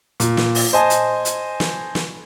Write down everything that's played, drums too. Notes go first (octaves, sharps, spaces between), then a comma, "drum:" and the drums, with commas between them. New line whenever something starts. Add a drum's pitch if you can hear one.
A#2, drum: hi-hat
drum: snare
drum: open hi-hat
C5 D#5 G#5 A5
drum: hi-hat
drum: hi-hat
drum: snare
drum: snare